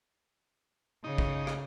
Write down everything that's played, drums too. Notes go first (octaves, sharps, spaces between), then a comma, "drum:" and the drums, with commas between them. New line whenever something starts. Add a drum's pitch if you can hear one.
C#3 D#4
drum: kick
drum: rim click